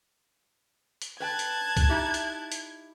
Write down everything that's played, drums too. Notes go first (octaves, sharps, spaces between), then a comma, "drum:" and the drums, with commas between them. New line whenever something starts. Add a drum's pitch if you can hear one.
drum: hi-hat
B4 G5 A5 F#6 G#6
drum: hi-hat
drum: kick, hi-hat
D#4 E4 G4
drum: hi-hat
drum: hi-hat